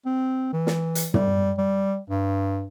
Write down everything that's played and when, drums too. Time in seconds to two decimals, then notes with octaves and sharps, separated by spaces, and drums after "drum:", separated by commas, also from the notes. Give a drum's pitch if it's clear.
0.05 C4
0.53 E3
0.67 drum: snare
0.95 drum: hi-hat
1.14 G3, drum: tom
1.58 G3
2.10 G2